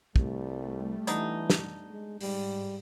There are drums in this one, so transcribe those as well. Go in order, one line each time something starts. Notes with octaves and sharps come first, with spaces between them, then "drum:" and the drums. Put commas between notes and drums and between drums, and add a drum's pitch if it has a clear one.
C2 G3 A3, drum: kick
E3 B3 D4 D#4, drum: hi-hat
drum: snare
G#3
G#2 G3, drum: open hi-hat